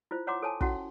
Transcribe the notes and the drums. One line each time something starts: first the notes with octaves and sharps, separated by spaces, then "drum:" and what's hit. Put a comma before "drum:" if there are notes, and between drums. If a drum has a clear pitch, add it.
E4 F4 C5
C#5 F#5 A#5 C6 D6
A4 C#5 G#5 A5
C#4 E4 F#4 F#5, drum: kick